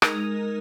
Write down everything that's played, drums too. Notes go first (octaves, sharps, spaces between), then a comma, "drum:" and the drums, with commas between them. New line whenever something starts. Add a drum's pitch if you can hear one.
G#3 D#4 A#4, drum: rim click